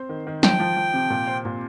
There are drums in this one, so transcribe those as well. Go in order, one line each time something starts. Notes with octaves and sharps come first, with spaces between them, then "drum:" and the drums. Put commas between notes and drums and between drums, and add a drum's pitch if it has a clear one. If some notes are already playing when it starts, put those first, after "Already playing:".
Already playing: C4 C5
D#3
D#3
F3 G5, drum: snare
F3
F3
C3
A#2
C5
A#2